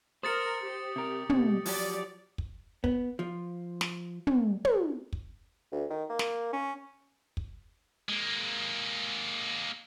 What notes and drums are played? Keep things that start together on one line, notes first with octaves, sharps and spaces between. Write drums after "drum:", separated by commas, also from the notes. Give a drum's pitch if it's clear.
A#4 C5 D#6 A6 C#7
G4
C3 A#4
B2, drum: tom
F3 F#3 G4 D5, drum: open hi-hat
drum: kick
B3, drum: kick
F3
drum: snare
drum: tom
drum: tom
drum: kick
D2
D#3
A#3
drum: snare
C#4
drum: kick
G#3 A#3